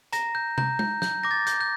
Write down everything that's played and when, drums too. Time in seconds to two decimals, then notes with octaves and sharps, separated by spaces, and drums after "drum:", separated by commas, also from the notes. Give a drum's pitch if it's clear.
0.13 A#5 A#6, drum: hi-hat
0.35 G6
0.58 A#5 G6, drum: tom
0.79 G6, drum: tom G#3
1.02 G6, drum: snare
1.23 D6 A#6
1.31 A6
1.47 G6, drum: hi-hat
1.61 G6